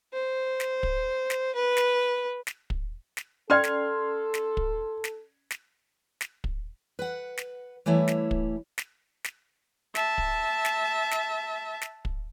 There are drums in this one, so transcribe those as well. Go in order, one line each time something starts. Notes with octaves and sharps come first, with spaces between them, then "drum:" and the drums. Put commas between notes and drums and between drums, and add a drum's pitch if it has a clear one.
C5
drum: snare
drum: kick
drum: snare
B4
drum: snare
drum: snare
drum: kick
drum: snare
C#4 A4 D5 G5 C6 F6 G#6
drum: snare
drum: snare
drum: kick
drum: snare
drum: snare
drum: snare
drum: kick
B4 F#5
drum: snare
E3 G3 A3 E4 C#5
drum: snare
drum: kick
drum: snare
drum: snare
E5 A5, drum: snare
drum: kick
drum: snare
drum: snare
drum: snare
drum: kick